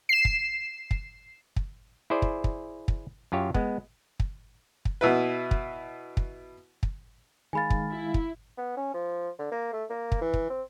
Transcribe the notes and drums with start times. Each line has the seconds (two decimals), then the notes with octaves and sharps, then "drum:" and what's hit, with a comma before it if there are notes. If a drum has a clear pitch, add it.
0.09 C7 E7
0.25 drum: kick
0.91 drum: kick
1.56 drum: kick
2.10 E4 G#4 C5 D5
2.22 drum: kick
2.44 drum: kick
2.88 drum: kick
3.32 F#2 F4 G4 C#5
3.54 G#3 B3, drum: kick
4.20 drum: kick
4.85 drum: kick
5.01 B2 E4 B4
5.51 drum: kick
6.17 drum: kick
6.83 drum: kick
7.53 D#3 G#3 F5 G#5 B5 A6
7.70 drum: kick
7.91 E4
8.14 drum: kick
8.58 B3
8.77 C#4
8.94 F3
9.39 D3
9.52 A#3
9.73 A3
9.90 A#3
10.12 drum: kick
10.21 E3
10.34 drum: kick
10.50 C4